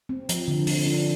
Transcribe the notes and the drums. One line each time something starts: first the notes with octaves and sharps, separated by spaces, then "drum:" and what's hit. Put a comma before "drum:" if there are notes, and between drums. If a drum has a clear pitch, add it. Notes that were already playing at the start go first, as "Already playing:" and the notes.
C4
F3, drum: hi-hat
D3
F3, drum: open hi-hat
D4